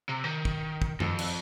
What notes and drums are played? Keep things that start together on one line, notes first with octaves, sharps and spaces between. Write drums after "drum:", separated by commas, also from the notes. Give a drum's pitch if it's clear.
C3
D#3
drum: kick
drum: kick
F2, drum: tom F#2
drum: cymbal